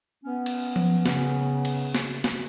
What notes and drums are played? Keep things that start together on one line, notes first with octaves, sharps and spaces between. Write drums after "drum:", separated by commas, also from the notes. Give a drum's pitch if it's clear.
B3 C#4
drum: cymbal
drum: tom F3
C#3, drum: snare
drum: cymbal
drum: snare
drum: snare